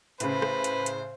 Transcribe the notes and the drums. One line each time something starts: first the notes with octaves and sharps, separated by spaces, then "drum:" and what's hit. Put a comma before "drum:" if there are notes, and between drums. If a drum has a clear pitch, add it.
A2 C#3 B4 C5, drum: hi-hat
drum: rim click
drum: hi-hat
drum: hi-hat